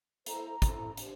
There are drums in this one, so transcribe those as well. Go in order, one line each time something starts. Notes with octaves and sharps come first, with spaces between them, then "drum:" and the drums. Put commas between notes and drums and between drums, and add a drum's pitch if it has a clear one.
E4 A4 C5 A#5, drum: hi-hat
E4 A4 C5, drum: kick, hi-hat
D4 G4 C5, drum: hi-hat